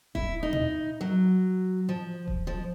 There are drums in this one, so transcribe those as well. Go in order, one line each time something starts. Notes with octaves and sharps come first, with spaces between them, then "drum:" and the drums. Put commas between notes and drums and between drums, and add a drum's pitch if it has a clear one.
E4, drum: kick D#1
D#4
drum: tom
F#3
F3
drum: kick D#1
F3